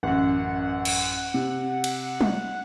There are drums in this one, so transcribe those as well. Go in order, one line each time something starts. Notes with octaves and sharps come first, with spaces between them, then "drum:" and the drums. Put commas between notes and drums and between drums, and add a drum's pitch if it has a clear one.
A1 F#2 F#5
drum: cymbal
C3
drum: cymbal
drum: tom